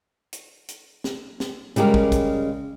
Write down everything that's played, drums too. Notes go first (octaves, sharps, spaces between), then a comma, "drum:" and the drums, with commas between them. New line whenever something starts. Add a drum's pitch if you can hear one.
drum: hi-hat
drum: hi-hat
drum: snare
drum: snare
C#3 G3 G#3 G4 A#4, drum: hi-hat
drum: kick
drum: kick, hi-hat